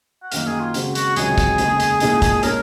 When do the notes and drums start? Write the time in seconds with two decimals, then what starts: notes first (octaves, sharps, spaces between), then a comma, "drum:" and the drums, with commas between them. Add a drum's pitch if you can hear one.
0.23 F#5
0.32 F#2 D#3 A#3 F5, drum: hi-hat
0.47 G#4
0.60 F4
0.74 C#3 G#3 C4 F#4, drum: hi-hat
0.95 F#4, drum: hi-hat
1.16 C#2 C3 D#3 F#3 G#4, drum: hi-hat
1.38 drum: kick, hi-hat
1.58 F1 D#2 C#3 G#3, drum: hi-hat
1.80 drum: hi-hat
2.00 C2 A#2 G#3 D#4, drum: hi-hat
2.22 drum: kick, hi-hat
2.43 A#2 G#3 C#4 A#4, drum: hi-hat